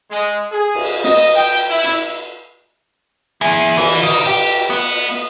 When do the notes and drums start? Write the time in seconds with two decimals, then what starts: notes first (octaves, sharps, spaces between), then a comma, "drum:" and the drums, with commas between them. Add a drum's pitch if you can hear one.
0.10 G#3
0.52 G#4
0.75 drum: cymbal
1.04 D#5, drum: snare
1.36 G5
1.70 E4
1.84 drum: hi-hat
3.41 E4 G#4
3.77 E3, drum: cymbal
4.03 D#3
4.27 G4
4.70 B3